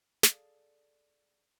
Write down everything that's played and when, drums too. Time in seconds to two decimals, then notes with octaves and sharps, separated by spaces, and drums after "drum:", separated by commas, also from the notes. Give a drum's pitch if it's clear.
0.23 G#4 A4 D5 F5, drum: snare